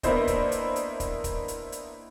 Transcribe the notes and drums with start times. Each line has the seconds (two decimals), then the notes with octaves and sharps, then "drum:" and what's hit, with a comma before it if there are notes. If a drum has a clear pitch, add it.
0.03 A#3 B3 D4 E4 C5 D#5, drum: kick, hi-hat
0.27 drum: kick, hi-hat
0.52 drum: hi-hat
0.76 drum: hi-hat
1.00 drum: kick, hi-hat
1.24 drum: kick, hi-hat
1.48 drum: hi-hat
1.72 drum: hi-hat